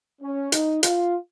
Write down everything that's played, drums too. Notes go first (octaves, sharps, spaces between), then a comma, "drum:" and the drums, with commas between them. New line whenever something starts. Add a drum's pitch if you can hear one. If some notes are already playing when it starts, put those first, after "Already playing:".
C#4
D#4, drum: hi-hat
F4, drum: hi-hat